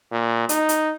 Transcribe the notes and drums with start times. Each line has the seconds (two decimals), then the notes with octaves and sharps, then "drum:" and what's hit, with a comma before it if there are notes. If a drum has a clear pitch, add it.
0.11 A#2
0.49 D#4, drum: hi-hat
0.69 drum: hi-hat